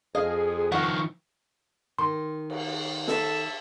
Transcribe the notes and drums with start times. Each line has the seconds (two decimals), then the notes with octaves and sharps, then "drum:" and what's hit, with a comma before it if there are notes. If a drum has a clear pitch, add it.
0.15 F2 G#4 D#5 F5
0.72 D#3 F3 F#5 A#5 C#6
1.98 D#3 C6
2.50 drum: cymbal
3.08 A4 E5 A5, drum: snare